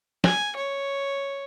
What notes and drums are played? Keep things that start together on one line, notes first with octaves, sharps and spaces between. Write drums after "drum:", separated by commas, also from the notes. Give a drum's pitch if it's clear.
G#5, drum: snare
C#5